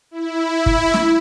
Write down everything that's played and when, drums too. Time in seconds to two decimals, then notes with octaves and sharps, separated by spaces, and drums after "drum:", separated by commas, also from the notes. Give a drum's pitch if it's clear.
0.11 E4
0.66 drum: kick
0.94 drum: snare